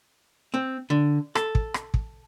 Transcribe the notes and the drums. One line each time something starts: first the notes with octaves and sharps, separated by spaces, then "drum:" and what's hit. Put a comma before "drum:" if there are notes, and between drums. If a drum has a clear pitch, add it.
C4
D3
A4, drum: rim click
drum: kick
drum: rim click
drum: kick